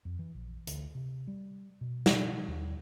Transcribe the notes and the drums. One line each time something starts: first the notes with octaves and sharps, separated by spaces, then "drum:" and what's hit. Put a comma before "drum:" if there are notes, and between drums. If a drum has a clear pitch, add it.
F2
E3
A#1
D2, drum: hi-hat
C3
G3
B2
drum: snare
D#2